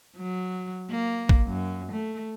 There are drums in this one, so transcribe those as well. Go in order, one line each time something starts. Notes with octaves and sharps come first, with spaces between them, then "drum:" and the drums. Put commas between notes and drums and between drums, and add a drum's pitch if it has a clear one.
F#3
A#3
drum: kick
F#2
A3